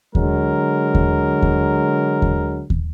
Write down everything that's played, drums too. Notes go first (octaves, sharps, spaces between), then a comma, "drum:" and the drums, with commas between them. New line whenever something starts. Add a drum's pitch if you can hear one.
D3 F#3 G#3 A#4, drum: kick D#2
drum: kick D#2
drum: kick D#2
drum: kick D#2
drum: kick D#2